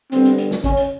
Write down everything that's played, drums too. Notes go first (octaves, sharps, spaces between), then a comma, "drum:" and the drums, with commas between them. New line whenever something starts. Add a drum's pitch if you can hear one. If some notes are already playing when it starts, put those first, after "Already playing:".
D3 G3 B3 C4, drum: hi-hat
drum: hi-hat
drum: hi-hat
drum: snare
C#4, drum: kick, hi-hat
drum: hi-hat